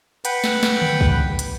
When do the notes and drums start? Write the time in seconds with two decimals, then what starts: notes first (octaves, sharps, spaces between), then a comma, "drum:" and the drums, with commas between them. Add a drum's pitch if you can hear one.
0.25 B4 F#5 G5 B5, drum: hi-hat
0.44 drum: snare
0.63 drum: snare
0.82 drum: tom D3
1.01 drum: kick
1.39 drum: hi-hat